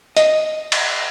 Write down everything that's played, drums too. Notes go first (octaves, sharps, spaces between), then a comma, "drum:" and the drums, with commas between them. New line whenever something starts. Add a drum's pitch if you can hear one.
D#5, drum: hi-hat
drum: cymbal